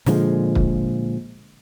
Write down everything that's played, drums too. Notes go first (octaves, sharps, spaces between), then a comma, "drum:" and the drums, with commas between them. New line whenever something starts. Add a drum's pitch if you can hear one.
A#2 D3 F3 G#3, drum: snare
drum: kick